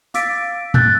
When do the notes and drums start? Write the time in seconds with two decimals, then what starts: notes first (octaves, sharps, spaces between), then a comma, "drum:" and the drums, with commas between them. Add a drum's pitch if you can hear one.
0.14 F5 D6 E6 A6 B6 D7, drum: hi-hat
0.74 E6 F#6 G6 A6, drum: tom